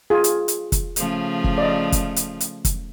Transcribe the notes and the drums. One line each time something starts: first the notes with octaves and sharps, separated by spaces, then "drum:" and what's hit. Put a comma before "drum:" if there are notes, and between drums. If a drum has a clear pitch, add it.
F4 G#4
drum: hi-hat
drum: hi-hat
drum: kick, hi-hat
C#3 F3 A3, drum: hi-hat
drum: kick
D5 D#5
drum: kick, hi-hat
drum: hi-hat
drum: hi-hat
drum: kick, hi-hat